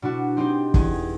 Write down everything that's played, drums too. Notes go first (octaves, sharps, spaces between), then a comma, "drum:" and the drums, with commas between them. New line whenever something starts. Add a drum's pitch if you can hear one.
B2 D4 E4 F#4
C4 D#4 G4 C5
E2 G#4, drum: kick F#1